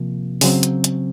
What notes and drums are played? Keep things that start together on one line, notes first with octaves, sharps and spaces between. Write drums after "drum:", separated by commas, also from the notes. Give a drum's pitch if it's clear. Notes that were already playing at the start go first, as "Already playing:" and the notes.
Already playing: C3 F3 A#3
C#3 F#3 C4, drum: open hi-hat
drum: hi-hat
drum: hi-hat